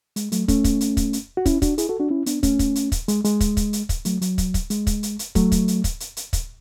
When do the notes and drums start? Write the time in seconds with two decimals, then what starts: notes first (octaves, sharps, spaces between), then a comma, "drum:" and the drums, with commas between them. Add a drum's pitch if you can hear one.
0.16 G#3, drum: hi-hat
0.32 F#3 A3, drum: hi-hat
0.48 A3 C#4, drum: kick, hi-hat
0.64 drum: kick, hi-hat
0.81 drum: hi-hat
0.97 drum: kick, hi-hat
1.13 drum: hi-hat
1.37 F#4
1.46 C#4 E4, drum: kick, hi-hat
1.62 D4 F#4, drum: kick, hi-hat
1.78 E4 G#4, drum: hi-hat
1.89 F#4 A4
1.99 D4 F#4
2.10 C#4 E4
2.26 B3 D4, drum: hi-hat
2.43 A3 C#4, drum: kick, hi-hat
2.59 drum: kick, hi-hat
2.75 drum: hi-hat
2.92 drum: kick, hi-hat
3.08 G#3, drum: hi-hat
3.25 G#3, drum: hi-hat
3.40 drum: kick, hi-hat
3.57 drum: kick, hi-hat
3.73 drum: hi-hat
3.89 drum: kick, hi-hat
4.05 F#3 A3, drum: hi-hat
4.22 F#3, drum: hi-hat
4.38 drum: kick, hi-hat
4.54 drum: kick, hi-hat
4.70 G#3, drum: hi-hat
4.87 drum: kick, hi-hat
5.03 drum: hi-hat
5.19 drum: hi-hat
5.35 F#3 A3, drum: kick, hi-hat
5.52 drum: kick, hi-hat
5.68 drum: hi-hat
5.84 drum: kick, hi-hat
6.00 drum: hi-hat
6.17 drum: hi-hat
6.33 drum: kick, hi-hat